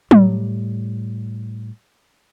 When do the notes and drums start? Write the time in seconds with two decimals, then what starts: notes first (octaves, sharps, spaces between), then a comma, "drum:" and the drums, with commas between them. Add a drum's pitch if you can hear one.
0.11 A2 G3, drum: tom F#3